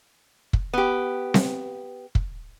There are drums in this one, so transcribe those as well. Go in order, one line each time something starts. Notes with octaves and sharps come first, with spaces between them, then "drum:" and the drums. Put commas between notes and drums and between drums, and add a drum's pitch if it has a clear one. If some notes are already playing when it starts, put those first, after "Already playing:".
drum: kick
B3 G4
drum: snare C4
drum: kick